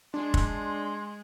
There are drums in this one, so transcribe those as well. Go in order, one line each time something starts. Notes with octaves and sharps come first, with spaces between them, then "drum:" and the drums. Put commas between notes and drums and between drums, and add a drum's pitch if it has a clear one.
G#3 D4 C6
drum: kick